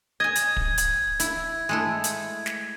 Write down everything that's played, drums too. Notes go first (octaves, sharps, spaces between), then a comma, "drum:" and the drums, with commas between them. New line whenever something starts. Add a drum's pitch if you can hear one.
D#5 G#5 G#6
drum: hi-hat
drum: kick
drum: hi-hat
E4, drum: hi-hat
G#3 A3 E4
drum: hi-hat
drum: snare